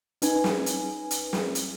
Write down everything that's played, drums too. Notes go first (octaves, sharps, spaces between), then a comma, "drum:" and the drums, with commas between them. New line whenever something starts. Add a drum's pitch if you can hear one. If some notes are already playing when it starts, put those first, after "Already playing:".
C#4 D#4 B4 G#5, drum: hi-hat
drum: snare
drum: hi-hat
drum: hi-hat
drum: snare
drum: hi-hat